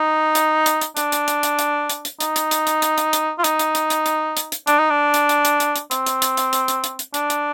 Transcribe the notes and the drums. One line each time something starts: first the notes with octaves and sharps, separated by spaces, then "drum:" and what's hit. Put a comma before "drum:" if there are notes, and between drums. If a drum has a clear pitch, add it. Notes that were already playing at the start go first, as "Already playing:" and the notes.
Already playing: D#4
drum: hi-hat
drum: hi-hat
drum: hi-hat
D4, drum: hi-hat
drum: hi-hat
drum: hi-hat
drum: hi-hat
drum: hi-hat
drum: hi-hat
drum: hi-hat
D#4, drum: hi-hat
drum: hi-hat
drum: hi-hat
drum: hi-hat
drum: hi-hat
drum: hi-hat
drum: hi-hat
F4
D#4, drum: hi-hat
drum: hi-hat
drum: hi-hat
drum: hi-hat
drum: hi-hat
drum: hi-hat
drum: hi-hat
D4, drum: hi-hat
D#4
D4
drum: hi-hat
drum: hi-hat
drum: hi-hat
drum: hi-hat
drum: hi-hat
C4, drum: hi-hat
drum: hi-hat
drum: hi-hat
drum: hi-hat
drum: hi-hat
drum: hi-hat
drum: hi-hat
drum: hi-hat
D4, drum: hi-hat
drum: hi-hat